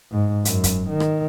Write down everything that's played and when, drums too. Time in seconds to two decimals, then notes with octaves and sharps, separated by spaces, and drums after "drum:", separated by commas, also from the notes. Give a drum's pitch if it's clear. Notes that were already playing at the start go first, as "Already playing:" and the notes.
0.12 G#2
0.45 F#2, drum: hi-hat
0.64 drum: kick, hi-hat
0.89 D#3
1.00 drum: rim click